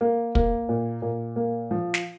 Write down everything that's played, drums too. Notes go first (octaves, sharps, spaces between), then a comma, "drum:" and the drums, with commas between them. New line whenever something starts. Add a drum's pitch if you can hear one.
A#3
A#3, drum: kick
A#2
A#2
A#3
F3
drum: snare